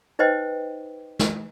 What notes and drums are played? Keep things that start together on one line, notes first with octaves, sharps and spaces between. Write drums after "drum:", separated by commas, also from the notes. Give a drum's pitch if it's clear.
D#4 B4 C5 D#5 G5
drum: snare